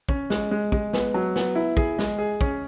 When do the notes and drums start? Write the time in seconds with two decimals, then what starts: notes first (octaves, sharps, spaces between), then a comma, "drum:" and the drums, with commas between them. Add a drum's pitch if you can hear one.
0.09 C#4, drum: kick
0.30 G#3, drum: snare
0.51 G#3
0.72 G#3, drum: kick
0.93 B3, drum: snare
1.14 F#3
1.36 B3, drum: snare
1.55 E4
1.77 G#4, drum: kick
1.98 G#3, drum: snare
2.18 G#4
2.41 C#4, drum: kick